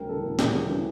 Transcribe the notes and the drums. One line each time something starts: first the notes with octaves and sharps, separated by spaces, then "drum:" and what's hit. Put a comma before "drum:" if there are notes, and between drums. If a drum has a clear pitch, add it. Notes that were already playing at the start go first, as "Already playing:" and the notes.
Already playing: D2 C#3 G3 A#4 G5
E3 A4
D2
C#3 G4, drum: snare
G3
E3